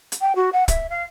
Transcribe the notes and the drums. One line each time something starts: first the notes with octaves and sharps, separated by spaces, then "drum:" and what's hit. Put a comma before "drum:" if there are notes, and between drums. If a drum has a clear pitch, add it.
drum: hi-hat
G5
F#4
F#5
E5, drum: kick, hi-hat
F5